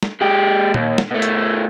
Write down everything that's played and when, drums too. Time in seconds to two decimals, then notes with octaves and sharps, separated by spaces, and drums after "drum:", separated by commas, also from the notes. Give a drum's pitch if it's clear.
0.03 drum: snare
0.21 G#3 G4
0.74 D#2, drum: tom A#2
0.98 drum: snare
1.11 B2 A3
1.22 drum: hi-hat